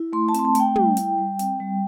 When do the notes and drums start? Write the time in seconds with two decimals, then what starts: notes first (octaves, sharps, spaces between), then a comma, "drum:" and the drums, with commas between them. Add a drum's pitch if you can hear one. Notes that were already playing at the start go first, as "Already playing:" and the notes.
Already playing: E4
0.13 A3 C6
0.28 A5
0.34 C4 C6, drum: hi-hat
0.45 A5
0.55 A3 G5, drum: hi-hat
0.76 G3, drum: tom
0.97 E4, drum: hi-hat
1.18 G3
1.39 C4, drum: hi-hat
1.60 G3